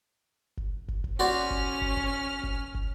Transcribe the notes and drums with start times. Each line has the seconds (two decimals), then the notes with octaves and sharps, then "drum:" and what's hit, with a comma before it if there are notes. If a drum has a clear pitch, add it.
0.57 drum: kick
0.88 drum: kick
1.04 drum: kick
1.19 C#4 F#4 C5 D5 F6
1.50 drum: kick
1.81 drum: kick
1.97 drum: kick
2.43 drum: kick
2.75 drum: kick